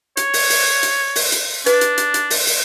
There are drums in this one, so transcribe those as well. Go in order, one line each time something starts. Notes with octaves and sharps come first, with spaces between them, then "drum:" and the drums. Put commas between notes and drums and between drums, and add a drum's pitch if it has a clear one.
C#5, drum: hi-hat
drum: open hi-hat
drum: open hi-hat
drum: hi-hat
drum: open hi-hat
drum: hi-hat
D4 B4, drum: hi-hat
drum: hi-hat
drum: hi-hat
drum: hi-hat
drum: open hi-hat
drum: open hi-hat